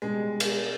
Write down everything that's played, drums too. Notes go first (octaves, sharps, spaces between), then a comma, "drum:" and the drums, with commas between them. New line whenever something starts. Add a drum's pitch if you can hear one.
B2 G3 G#3 D4
drum: cymbal